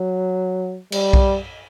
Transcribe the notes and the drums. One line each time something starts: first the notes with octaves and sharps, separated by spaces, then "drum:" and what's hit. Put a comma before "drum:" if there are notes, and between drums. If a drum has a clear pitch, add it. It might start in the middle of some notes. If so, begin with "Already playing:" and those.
Already playing: F#3
G3, drum: cymbal
drum: kick B1